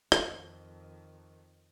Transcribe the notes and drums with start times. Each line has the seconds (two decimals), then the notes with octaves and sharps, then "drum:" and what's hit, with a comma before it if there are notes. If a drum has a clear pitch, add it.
0.12 F2 D#3, drum: rim click